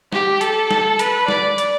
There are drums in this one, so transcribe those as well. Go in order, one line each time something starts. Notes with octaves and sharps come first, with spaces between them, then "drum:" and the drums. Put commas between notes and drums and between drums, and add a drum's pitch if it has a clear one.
G4, drum: snare
A4, drum: hi-hat
drum: snare
B4, drum: hi-hat
D5, drum: snare
drum: hi-hat